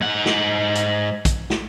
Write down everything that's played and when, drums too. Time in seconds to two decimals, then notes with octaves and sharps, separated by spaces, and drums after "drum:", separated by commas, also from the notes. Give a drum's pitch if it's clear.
0.01 G#2 F#5
0.26 drum: snare
0.75 drum: hi-hat
1.25 drum: kick, hi-hat
1.50 drum: snare